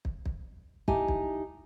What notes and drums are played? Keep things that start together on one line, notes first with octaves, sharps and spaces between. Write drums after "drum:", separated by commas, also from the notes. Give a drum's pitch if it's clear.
drum: kick
drum: kick
D#4 E4 G4 G#5 A5, drum: kick
drum: kick